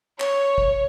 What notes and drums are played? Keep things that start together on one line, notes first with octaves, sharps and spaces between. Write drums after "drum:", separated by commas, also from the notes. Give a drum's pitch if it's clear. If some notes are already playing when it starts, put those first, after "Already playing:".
C#5, drum: clap
drum: kick